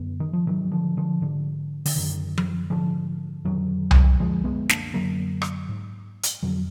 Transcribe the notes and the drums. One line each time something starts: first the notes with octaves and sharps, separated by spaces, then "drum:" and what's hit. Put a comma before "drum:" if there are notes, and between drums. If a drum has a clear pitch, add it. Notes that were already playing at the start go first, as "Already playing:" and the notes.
Already playing: F#2 D3 B3
D#3
F3
G#2 D#3 F#3
D3 F3
D3 F3
G#2 D3
D3, drum: open hi-hat
F#2 D3 D#3
drum: tom F3
G#2 D3 F3
F2 D3 D#3 F#3
drum: tom C2
F#2 D3 F3 G#3
G#3 B3
A#3 D4, drum: snare
F#2 D3 F#3 A#3
drum: rim click
G#2
drum: hi-hat
F2 D3 D#3 F#3